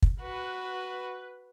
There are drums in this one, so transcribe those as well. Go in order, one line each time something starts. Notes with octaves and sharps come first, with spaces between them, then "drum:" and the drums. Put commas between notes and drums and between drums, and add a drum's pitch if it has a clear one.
drum: kick
F#4 B4